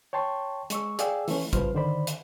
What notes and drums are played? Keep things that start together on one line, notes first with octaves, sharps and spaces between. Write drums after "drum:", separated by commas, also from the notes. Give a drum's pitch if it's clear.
C#5 G5 A5 C6 C#6
G#3 C#6 E6, drum: hi-hat
G#4 D5 F5 G5 E6, drum: hi-hat
E3 A3 C#4, drum: open hi-hat
G2 C#3 F3 B4 C5 F6, drum: kick A1, hi-hat
D3 D#3 C5 D5 B5
drum: hi-hat